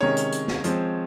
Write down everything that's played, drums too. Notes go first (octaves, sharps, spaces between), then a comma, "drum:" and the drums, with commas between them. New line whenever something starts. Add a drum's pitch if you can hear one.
C3 D#3 G#3 C#4 C#5
drum: hi-hat
drum: hi-hat
drum: snare
F3 G#3 C4, drum: hi-hat